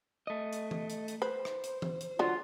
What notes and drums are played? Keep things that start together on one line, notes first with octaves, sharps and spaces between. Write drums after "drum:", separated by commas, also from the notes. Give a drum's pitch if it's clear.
A3 D#5
drum: hi-hat
drum: tom E3
drum: hi-hat
drum: hi-hat
B4 C5
drum: rim click
drum: hi-hat
drum: tom E3
drum: hi-hat
D3 F#3 F4